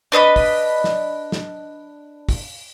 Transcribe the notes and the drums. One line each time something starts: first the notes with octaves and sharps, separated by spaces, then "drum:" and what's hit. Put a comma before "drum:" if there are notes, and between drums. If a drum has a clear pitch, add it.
D4 B4 D#5 B5
drum: kick, open hi-hat
drum: snare
drum: snare
drum: kick, open hi-hat